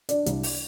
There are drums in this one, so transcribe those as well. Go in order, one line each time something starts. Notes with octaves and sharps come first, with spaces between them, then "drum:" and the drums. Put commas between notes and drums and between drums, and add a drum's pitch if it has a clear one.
D4 D5, drum: hi-hat
C2, drum: hi-hat
drum: open hi-hat